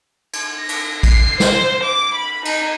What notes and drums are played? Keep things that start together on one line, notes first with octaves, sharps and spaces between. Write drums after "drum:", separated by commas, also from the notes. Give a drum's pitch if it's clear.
drum: cymbal
A#6
drum: cymbal
C7, drum: kick A1, cymbal
C5, drum: snare
D6
B5
D#4, drum: cymbal